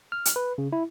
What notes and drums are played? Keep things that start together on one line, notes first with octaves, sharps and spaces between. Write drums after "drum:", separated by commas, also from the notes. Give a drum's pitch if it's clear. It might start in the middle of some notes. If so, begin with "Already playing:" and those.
F6
drum: hi-hat
B4
C#3
E4